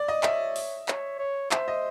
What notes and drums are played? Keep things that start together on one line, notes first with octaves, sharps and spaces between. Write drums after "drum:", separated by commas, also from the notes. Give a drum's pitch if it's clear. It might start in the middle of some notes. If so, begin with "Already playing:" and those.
Already playing: D5
D#5
C#5 E5, drum: clap
drum: open hi-hat
C#5, drum: clap
C#5
C5 E5, drum: clap
D#5